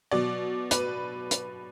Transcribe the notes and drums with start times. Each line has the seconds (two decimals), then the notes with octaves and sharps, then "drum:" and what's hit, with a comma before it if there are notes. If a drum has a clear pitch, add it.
0.11 B2 F#3 D5
0.71 B4, drum: hi-hat
1.31 drum: hi-hat